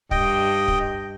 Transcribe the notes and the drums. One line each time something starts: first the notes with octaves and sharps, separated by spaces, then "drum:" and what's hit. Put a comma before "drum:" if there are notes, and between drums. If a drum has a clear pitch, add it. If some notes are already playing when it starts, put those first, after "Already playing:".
G2 D#5 G5, drum: kick
drum: kick